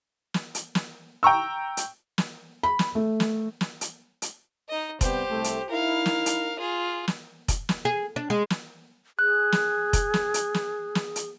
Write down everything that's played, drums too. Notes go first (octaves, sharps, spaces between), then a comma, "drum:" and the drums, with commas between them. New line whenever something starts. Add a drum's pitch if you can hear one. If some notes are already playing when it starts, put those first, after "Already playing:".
drum: snare
drum: hi-hat
drum: snare
G5 A#5 C#6 E6
drum: hi-hat
drum: snare
B5
drum: snare
A3
drum: snare
drum: snare
drum: hi-hat
drum: hi-hat
D#4 D#5
C3 G3 B3 G4 C5, drum: kick F1, hi-hat
C2 A3
drum: hi-hat
D#4 E4 A#4 F5
drum: snare
drum: hi-hat
F4 G#4
drum: snare
drum: kick F1, hi-hat
drum: snare
G#4
D4
G#3
drum: snare
G#4 F#6
drum: snare
drum: kick F1, hi-hat
drum: snare
drum: hi-hat
drum: snare
drum: snare
drum: hi-hat